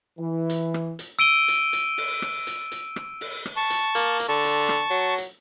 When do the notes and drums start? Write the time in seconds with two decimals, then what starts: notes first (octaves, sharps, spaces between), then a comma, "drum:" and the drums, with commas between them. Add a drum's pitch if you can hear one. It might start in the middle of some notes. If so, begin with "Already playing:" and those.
0.19 E3
0.50 drum: hi-hat
0.74 drum: rim click
0.99 drum: hi-hat
1.19 E6 D7 D#7 G7
1.48 drum: hi-hat
1.73 drum: hi-hat
1.98 drum: open hi-hat
2.22 drum: rim click
2.47 drum: hi-hat
2.72 drum: hi-hat
2.96 drum: rim click
3.21 drum: open hi-hat
3.46 drum: rim click
3.57 A5 C#6
3.70 drum: hi-hat
3.95 A#3, drum: hi-hat
4.20 drum: hi-hat
4.29 D3 A5 C#6
4.44 drum: hi-hat
4.69 drum: rim click
4.90 F#3
5.18 drum: hi-hat